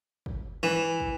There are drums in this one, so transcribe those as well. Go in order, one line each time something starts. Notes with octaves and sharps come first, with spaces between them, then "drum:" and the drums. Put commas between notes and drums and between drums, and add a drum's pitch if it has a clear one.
drum: kick
E3
drum: kick